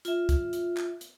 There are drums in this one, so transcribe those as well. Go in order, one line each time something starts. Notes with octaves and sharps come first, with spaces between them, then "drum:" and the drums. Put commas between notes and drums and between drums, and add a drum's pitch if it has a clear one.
F4 E5, drum: hi-hat
drum: kick C2, hi-hat
drum: hi-hat
drum: clap
drum: hi-hat